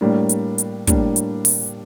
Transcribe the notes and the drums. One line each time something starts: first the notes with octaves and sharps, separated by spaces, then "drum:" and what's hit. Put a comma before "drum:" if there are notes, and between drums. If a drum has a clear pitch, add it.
A2 G3 A#3 D4
drum: hi-hat
drum: hi-hat
A2 G3 A#3 D4, drum: kick, hi-hat
drum: hi-hat
drum: open hi-hat